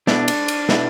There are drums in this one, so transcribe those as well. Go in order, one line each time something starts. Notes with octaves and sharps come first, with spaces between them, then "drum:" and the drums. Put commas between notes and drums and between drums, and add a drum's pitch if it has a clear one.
B2 B3 D4 E4, drum: snare
drum: cymbal
drum: cymbal
B2 B3 E4, drum: snare